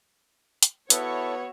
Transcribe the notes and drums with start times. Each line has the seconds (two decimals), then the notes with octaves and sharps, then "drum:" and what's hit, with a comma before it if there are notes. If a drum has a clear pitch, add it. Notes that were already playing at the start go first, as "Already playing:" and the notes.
0.63 drum: hi-hat
0.90 B3 E4 F#4 A4 C#5 E5, drum: hi-hat